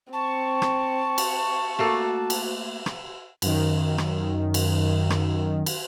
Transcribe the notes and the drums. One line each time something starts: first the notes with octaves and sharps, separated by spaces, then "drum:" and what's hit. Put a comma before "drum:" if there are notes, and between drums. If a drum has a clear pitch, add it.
C4 A5 C#6
drum: rim click
drum: cymbal
A3 A#3 F#4 A4
drum: cymbal
drum: rim click
F#2 D#3, drum: cymbal
drum: rim click
drum: cymbal
drum: rim click
drum: cymbal